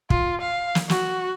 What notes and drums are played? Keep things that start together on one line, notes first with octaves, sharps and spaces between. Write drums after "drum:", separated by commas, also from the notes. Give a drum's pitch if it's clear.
F4, drum: kick
F5
drum: snare
F#4, drum: snare